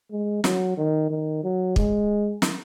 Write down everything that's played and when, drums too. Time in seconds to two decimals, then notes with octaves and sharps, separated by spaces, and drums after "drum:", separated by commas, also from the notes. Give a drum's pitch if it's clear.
0.11 G#3
0.44 F#3, drum: snare
0.77 D#3
1.10 D#3
1.44 F#3
1.76 G#3, drum: kick
2.42 drum: snare